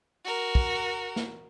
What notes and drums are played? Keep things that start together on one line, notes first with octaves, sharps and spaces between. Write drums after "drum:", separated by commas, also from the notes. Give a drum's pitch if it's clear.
F#4 A#4
drum: kick
drum: snare